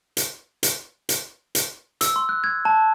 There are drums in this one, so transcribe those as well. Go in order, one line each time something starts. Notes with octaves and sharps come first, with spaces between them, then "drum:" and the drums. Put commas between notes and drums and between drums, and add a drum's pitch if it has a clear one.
drum: hi-hat
drum: hi-hat
drum: hi-hat
drum: hi-hat
E6, drum: hi-hat
C6
F#6
G#6
A5